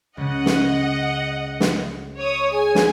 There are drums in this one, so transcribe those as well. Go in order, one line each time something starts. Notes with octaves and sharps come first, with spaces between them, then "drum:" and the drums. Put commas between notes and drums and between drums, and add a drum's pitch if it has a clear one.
C#2 C#3 D#5 F#5
drum: snare
drum: snare
C#5 D#6
G#4 G#5
drum: snare